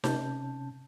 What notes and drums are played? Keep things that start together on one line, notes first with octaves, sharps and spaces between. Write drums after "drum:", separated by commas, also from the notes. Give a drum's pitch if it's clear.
C3 C#4 A5 G6, drum: snare D#4